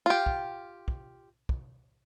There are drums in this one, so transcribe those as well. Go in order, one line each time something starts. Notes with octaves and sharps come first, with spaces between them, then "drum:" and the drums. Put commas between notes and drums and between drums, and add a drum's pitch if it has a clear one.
F4 G4
drum: kick
drum: kick
drum: kick